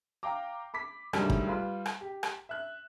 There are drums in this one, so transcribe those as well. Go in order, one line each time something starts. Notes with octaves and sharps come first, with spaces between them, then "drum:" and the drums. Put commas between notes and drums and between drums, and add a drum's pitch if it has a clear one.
F5 G5 A#5 D6
B5 D6 B6
D2 G#2 D#3 F#3 G3 A3, drum: rim click
drum: kick
G3 F4 B4
drum: rim click
G4
drum: rim click
E5 F#6